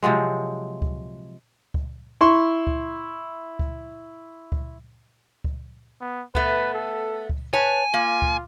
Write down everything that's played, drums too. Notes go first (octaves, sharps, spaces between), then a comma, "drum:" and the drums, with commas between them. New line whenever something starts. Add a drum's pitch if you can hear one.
C3 F3 F#3 G#3
drum: kick C#2
drum: kick C#2
E4 E5 C6 C#6
drum: kick C#2
drum: kick C#2
drum: kick C#2
drum: kick C#2
B3
A3 B3 B4, drum: kick C#2
A4
drum: kick C#2
B4 C#5 G#5 A5
A#3 F4
drum: kick C#2